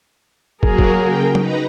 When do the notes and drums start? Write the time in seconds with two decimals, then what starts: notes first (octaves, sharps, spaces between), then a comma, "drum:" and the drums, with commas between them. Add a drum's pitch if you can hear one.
0.63 F#3 A#3 F#4 G#4 A#4, drum: kick
0.79 drum: kick
0.98 C#3 G5
1.35 D#4 B4 A#5, drum: tom F#3